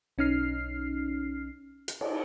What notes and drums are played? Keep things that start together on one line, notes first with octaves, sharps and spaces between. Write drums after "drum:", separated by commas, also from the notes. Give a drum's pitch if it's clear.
B1 C#4 D#4 F6 C7
drum: hi-hat
drum: cymbal